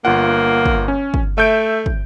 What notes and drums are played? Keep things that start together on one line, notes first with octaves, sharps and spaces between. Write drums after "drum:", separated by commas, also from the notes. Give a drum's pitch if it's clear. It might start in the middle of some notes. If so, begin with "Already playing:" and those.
G1 A#3 F4 F#5
drum: kick
C#4
drum: kick
A3 E5 G6 D7
drum: kick